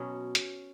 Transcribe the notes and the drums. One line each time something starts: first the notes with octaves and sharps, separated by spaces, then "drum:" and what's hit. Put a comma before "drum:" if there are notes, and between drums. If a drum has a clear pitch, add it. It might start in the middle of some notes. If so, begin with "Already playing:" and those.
Already playing: B2 F#3 C#4
drum: hi-hat